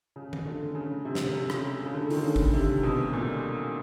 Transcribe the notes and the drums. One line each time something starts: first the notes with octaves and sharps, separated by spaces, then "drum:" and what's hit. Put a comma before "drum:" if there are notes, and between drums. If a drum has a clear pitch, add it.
C#3
drum: tom D#3
D3
C#3
C3
drum: snare
C#3, drum: rim click
C#3
D3
D#3, drum: open hi-hat
D3
C#3
drum: kick G#1
C3
B2
A#2